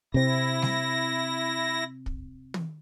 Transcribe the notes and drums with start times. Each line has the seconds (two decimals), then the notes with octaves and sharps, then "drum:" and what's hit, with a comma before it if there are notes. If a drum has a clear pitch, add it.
0.14 C3 C4 E4 A#6
0.62 drum: snare G3
2.06 drum: kick
2.54 drum: tom